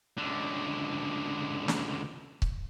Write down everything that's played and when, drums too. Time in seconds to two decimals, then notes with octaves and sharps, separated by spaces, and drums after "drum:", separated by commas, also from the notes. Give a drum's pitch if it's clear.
0.18 C#2 D3
1.68 drum: snare
2.42 drum: kick C#1